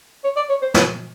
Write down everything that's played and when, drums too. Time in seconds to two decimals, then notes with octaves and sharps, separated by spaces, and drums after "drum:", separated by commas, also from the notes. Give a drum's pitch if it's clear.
0.24 C#5
0.37 D5
0.50 C#5
0.62 C5
0.74 B4, drum: snare